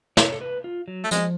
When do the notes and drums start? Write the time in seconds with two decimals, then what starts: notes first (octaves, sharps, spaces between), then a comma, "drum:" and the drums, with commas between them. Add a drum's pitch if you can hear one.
0.17 C#5, drum: snare
0.32 A4
0.41 B4
0.64 F4
0.88 F#3
1.04 A3
1.11 F3 G#3, drum: hi-hat